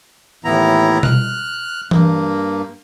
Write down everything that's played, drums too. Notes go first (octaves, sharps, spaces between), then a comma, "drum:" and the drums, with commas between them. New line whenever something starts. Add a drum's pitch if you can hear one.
D#2 A2 E3 B3 E4 A#5
F6 F#6, drum: tom B2
G2 A#3, drum: tom E3